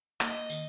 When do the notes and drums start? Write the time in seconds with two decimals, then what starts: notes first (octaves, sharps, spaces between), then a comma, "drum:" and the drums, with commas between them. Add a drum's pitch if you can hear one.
0.21 A#3 D#5, drum: clap
0.50 D#3, drum: tambourine